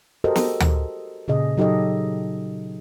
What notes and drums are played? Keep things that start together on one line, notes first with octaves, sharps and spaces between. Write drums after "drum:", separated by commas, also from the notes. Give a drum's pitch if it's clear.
F#4 G4 A4 A#4 C5 D#5
drum: snare
drum: tom D2
A#2 C#3 G#4 D#5
F#3 D#4 G4 A4 D#5